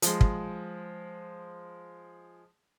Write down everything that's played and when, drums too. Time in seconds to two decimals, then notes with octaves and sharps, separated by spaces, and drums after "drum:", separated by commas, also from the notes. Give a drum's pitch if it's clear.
0.02 F3 G#3, drum: hi-hat
0.21 drum: kick